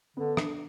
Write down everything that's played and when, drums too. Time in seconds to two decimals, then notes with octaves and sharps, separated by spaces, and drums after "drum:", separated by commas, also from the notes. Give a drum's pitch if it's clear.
0.17 D3 B3
0.37 D4, drum: rim click